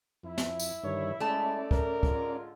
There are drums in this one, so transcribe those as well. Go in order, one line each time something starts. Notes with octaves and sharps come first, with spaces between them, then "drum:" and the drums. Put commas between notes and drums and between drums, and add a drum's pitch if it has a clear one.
F2 E4
drum: snare
drum: tambourine
G2 D3 D#3 C#5
G#3 A3 C#4 D5 A5
A#4, drum: kick
D3 G#3 F4, drum: kick